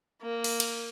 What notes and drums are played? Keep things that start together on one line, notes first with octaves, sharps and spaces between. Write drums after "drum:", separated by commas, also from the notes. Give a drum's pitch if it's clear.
A#3
drum: open hi-hat
drum: cymbal